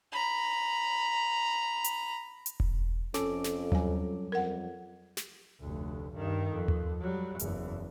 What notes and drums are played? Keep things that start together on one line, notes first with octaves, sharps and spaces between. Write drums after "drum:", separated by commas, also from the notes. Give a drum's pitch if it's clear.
A#5 B5
drum: hi-hat
drum: hi-hat
drum: kick E1
F2 C#4 A4 D6, drum: snare
drum: snare
F#3 G3 F5 G#5, drum: tom D#2
F2 A#4 F#5
drum: snare
F1 D2
G2 D#3
F2
drum: tom D#2
F#3 G3
F#1 E2, drum: hi-hat